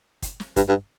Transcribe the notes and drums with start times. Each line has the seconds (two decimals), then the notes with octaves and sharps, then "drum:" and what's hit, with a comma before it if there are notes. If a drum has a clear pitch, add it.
0.22 drum: kick, hi-hat
0.40 drum: snare
0.56 G2, drum: kick, hi-hat
0.69 G2